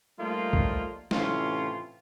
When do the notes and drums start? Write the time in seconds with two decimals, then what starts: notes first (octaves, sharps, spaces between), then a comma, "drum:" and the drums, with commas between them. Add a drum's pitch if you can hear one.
0.19 F3 G3 A3 A#3 D#4 F4
0.53 drum: kick C#2
1.11 A2 C3 E3 C#4 F4, drum: snare